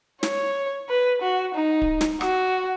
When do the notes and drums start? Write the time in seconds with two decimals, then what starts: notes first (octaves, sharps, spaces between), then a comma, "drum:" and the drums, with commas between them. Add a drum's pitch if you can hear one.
0.23 C#5, drum: snare
0.89 B4
1.22 F#4
1.54 D#4
1.82 drum: kick D1
2.01 drum: snare
2.21 F#4, drum: rim click